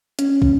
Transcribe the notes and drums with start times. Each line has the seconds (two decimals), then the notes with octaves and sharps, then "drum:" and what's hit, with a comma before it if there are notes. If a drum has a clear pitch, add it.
0.19 C#4, drum: hi-hat
0.42 drum: kick